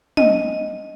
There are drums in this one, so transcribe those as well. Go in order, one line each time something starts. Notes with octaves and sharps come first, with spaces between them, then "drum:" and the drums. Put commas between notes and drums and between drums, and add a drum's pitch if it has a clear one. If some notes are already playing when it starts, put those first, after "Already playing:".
D#5, drum: tom